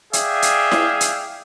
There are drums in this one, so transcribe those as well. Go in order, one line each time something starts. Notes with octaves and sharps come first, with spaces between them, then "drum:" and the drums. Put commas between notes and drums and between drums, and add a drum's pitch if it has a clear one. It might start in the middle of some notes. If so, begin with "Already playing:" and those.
G#4 D5 E5 F5 G5, drum: hi-hat
drum: hi-hat
drum: snare E4
drum: hi-hat